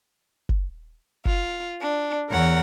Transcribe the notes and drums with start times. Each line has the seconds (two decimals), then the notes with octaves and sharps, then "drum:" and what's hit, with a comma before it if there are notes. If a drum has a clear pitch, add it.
0.49 drum: kick F#1
1.25 F4, drum: kick F#1
1.82 D4
2.29 E2 A#4 C#5 F#5